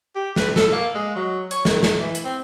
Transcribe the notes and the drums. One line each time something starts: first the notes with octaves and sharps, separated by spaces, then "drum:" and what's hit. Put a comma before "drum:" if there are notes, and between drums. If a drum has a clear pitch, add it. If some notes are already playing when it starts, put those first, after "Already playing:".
G4
B4, drum: snare
A4, drum: snare
A#3
G#3
F#3
C#5, drum: hi-hat
D#3, drum: snare
drum: snare
E3
drum: hi-hat
C4